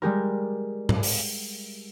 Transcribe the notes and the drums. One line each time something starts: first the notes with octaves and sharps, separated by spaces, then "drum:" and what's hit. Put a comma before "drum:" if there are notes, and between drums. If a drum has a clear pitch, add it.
G3 G#3 G4 A#4
drum: tom A2
drum: open hi-hat